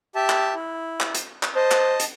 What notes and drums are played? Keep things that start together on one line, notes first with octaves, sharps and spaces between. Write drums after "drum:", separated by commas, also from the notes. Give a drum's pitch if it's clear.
G4 E5 A5
drum: clap
E4
drum: clap
drum: hi-hat
drum: clap
C5 D#5 A5
drum: clap
drum: hi-hat